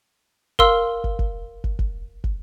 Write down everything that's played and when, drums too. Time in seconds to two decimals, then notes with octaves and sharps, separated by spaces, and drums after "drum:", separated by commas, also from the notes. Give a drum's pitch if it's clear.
0.59 A#4 F5 C6 E6, drum: kick
1.04 drum: kick
1.19 drum: kick
1.64 drum: kick
1.79 drum: kick
2.24 drum: kick